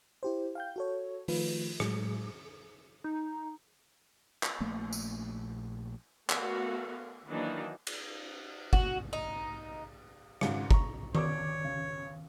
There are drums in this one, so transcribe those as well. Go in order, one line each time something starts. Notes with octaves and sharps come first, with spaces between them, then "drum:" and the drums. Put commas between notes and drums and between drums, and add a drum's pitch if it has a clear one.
E4 G4 C5
F5 G5 G6
F#4 A4 C#5
D#3 F3 A3 F4 B4, drum: open hi-hat
A2 F#3 G#3, drum: rim click
D#4
drum: clap
A#1 A#2 A3 A#3
drum: tambourine
A3 B3 F#4 A#4 F5, drum: clap
D#3 E3 F#3 A#3 D4 D#4
drum: cymbal
F#4, drum: kick
D#4
G#1 G#2 C#3, drum: rim click
A#5 C#6, drum: kick
C#5 D5 C#6 D6, drum: tom D#3
C#3